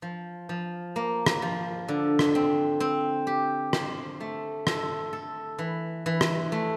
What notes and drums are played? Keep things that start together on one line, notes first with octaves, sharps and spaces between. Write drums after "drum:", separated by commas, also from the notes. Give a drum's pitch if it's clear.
F3
F3
A#3
drum: rim click
F3
D3
drum: rim click
C4
C4
G4
C5, drum: rim click
A3
A4, drum: rim click
A4
E3
E3
drum: rim click
A3